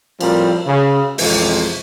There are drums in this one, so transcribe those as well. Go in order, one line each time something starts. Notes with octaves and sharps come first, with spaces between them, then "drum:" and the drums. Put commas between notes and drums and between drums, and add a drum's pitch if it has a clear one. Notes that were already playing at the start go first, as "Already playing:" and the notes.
A2 F3 G3 C4 A#4, drum: cymbal
C#3
A1 F2 C3 G#3, drum: open hi-hat